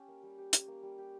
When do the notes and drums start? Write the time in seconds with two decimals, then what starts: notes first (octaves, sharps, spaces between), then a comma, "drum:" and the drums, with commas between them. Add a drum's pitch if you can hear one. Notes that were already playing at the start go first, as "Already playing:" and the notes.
Already playing: C#4 G4
0.08 A#3
0.23 G3
0.38 G4
0.53 C#4, drum: hi-hat
0.68 A#3
0.83 G3
0.98 G4